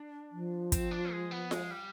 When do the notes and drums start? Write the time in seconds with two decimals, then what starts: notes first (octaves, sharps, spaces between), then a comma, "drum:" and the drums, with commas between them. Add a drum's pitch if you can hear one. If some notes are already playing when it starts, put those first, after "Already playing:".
Already playing: D4
0.32 F3
0.72 C4, drum: kick, hi-hat
0.91 D4
1.12 G#3
1.31 B3
1.51 G#3, drum: snare F4
1.71 G3